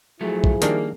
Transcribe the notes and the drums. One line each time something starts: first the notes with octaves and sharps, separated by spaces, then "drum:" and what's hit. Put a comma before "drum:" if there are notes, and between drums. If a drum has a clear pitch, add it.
F3 F#3 A3 E4 G#4
drum: kick B1
D#3 G3 A#3 D4, drum: hi-hat